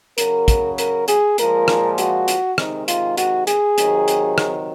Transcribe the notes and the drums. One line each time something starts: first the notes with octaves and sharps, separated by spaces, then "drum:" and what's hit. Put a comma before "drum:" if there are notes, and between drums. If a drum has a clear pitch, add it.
C#3 F#3 A#4, drum: hi-hat
drum: kick, hi-hat
A#4, drum: hi-hat
G#4, drum: hi-hat
A#2 F3 G#3 A#4, drum: hi-hat
drum: rim click
F#4, drum: hi-hat
drum: hi-hat
C3 D#3 G#3 D#4, drum: rim click
F4, drum: hi-hat
F#4, drum: hi-hat
G#4, drum: hi-hat
C3 D#3 F#3, drum: hi-hat
drum: hi-hat
drum: rim click